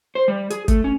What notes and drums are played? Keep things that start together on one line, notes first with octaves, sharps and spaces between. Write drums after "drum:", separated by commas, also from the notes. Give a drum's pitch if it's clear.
C5
G3
G#4, drum: hi-hat
A3, drum: kick, hi-hat
C#4